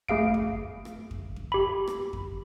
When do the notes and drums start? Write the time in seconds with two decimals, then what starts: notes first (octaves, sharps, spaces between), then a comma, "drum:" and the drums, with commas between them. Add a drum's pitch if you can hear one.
0.09 A3 G#4 F5 D7, drum: kick F2
0.34 drum: kick F2
0.85 drum: rim click
1.11 drum: kick F2
1.36 drum: kick F2
1.52 G4 B5
1.87 drum: rim click
2.13 drum: kick F2